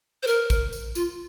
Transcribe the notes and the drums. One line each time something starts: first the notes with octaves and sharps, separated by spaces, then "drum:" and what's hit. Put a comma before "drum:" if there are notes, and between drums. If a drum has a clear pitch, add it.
C5
A#4, drum: tambourine
drum: kick A1, tambourine
drum: tambourine
F4, drum: tambourine